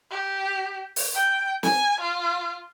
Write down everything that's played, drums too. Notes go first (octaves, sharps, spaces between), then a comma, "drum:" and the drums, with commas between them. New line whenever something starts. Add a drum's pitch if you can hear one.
G4
drum: open hi-hat
G5
G#5, drum: snare
F4